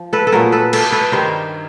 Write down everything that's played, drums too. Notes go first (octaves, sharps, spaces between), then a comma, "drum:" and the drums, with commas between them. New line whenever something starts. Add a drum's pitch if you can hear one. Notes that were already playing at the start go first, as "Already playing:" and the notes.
Already playing: F3
A4 B4
A4
A#2 F#3 A3 G#4 A#4
A4 B4
A4 B4, drum: cymbal
A4 B4
G2 D#3 G3 A#4 C5